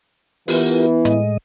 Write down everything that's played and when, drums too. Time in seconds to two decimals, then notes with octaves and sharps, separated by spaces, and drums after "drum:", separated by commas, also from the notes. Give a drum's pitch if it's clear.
0.48 E3 B3 F4 G4 A#4, drum: open hi-hat
1.05 A2 G#3 D#5, drum: hi-hat